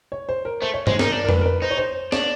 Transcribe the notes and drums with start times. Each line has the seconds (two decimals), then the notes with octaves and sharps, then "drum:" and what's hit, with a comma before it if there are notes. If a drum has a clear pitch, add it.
0.12 C#5
0.29 C5
0.45 A#4
0.62 A3 C5
0.74 C#5
0.87 G#3 C5, drum: tom G2
0.99 D#4 A#4, drum: snare
1.12 D4 A#4
1.25 A#4
1.29 B4, drum: tom F2
1.41 A#4
1.46 B4
1.62 D#4 C5
1.71 C#5
1.78 C5
2.12 D4 C#5, drum: snare